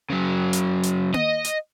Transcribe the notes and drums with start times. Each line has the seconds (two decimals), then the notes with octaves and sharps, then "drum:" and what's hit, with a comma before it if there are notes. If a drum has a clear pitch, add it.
0.10 C#3 F#3
0.53 drum: hi-hat
0.83 drum: hi-hat
1.14 D#5, drum: tom A#3
1.44 drum: hi-hat